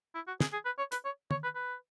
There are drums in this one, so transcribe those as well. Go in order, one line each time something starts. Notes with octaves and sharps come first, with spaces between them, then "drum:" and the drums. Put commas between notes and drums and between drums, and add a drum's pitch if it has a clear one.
E4
F#4
G#4, drum: snare
G#4
B4
C#5
B4, drum: hi-hat
C#5
C#5, drum: tom
B4
B4